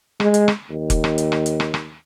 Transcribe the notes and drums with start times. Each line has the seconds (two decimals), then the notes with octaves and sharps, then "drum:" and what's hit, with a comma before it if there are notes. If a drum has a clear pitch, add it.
0.20 G#3, drum: rim click
0.34 drum: hi-hat
0.48 drum: rim click
0.70 D#2
0.90 drum: kick F1, hi-hat
1.04 drum: rim click
1.18 drum: hi-hat
1.32 drum: rim click
1.46 drum: hi-hat
1.60 drum: rim click
1.74 drum: rim click